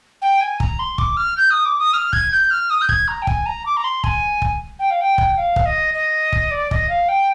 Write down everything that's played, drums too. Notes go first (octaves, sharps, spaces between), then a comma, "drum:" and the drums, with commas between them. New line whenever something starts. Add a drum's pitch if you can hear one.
G5
G#5
A#5, drum: kick
C6
D6, drum: kick
F6
G6
D#6
D6
D#6
F6
G#6, drum: kick
G6
F6
D#6
G6
G#6, drum: kick
A#5
G5
G#5, drum: kick
A#5
D6
A#5
C6
G#5, drum: kick
drum: kick
G5
F5
G5
drum: kick
F5
drum: kick
D#5
D#5
drum: kick
D5
D#5, drum: kick
F5
G5